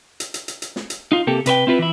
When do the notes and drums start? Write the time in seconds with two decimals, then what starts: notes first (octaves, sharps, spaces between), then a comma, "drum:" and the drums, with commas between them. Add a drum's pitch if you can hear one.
0.20 drum: hi-hat
0.34 drum: hi-hat
0.48 drum: hi-hat
0.62 drum: hi-hat
0.76 drum: snare
0.90 drum: hi-hat
1.12 D#4 F4
1.27 C3 A#3 G4 A4
1.46 C3 B4 C5 G5, drum: hi-hat
1.67 C4 E4 F4 B4
1.79 E3 E4